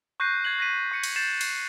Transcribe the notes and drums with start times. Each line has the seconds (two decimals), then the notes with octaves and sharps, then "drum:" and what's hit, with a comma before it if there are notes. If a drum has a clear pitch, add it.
0.20 C#6 F#6 G6 A#6 C7 D#7
0.45 G#6 C7 F#7
0.59 F#6 A#6 B6 D#7
0.91 C#6 C#7 D#7
1.03 drum: cymbal
1.16 G6 A6 C7 E7
1.41 C7, drum: cymbal